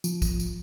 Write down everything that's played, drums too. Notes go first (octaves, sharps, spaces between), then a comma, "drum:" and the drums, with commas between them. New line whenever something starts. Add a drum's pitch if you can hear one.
F3, drum: tambourine
drum: kick, tambourine
drum: tambourine